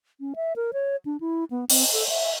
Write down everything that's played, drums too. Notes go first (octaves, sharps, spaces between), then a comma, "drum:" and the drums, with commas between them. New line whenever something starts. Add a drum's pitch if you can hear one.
C#4
E5
A#4
C#5
D4
E4
B3
C4, drum: open hi-hat
A4
E5